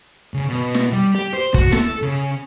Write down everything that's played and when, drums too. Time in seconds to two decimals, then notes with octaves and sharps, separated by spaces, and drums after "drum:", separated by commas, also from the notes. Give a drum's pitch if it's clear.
0.34 C#3
0.50 B2
0.75 drum: snare
0.92 G3
1.15 G4
1.34 C5
1.54 F#4, drum: kick
1.72 A4, drum: snare
2.02 C#3